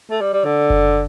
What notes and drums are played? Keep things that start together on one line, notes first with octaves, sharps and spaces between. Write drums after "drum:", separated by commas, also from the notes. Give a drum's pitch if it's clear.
A3
G3
G3
D3
drum: kick F#1